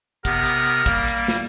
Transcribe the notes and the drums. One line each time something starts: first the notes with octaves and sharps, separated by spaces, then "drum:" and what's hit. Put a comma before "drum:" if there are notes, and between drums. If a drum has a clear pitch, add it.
C3 B3 A#4, drum: kick, hi-hat
drum: hi-hat
drum: hi-hat
G3 A#3, drum: kick, hi-hat
drum: hi-hat
drum: snare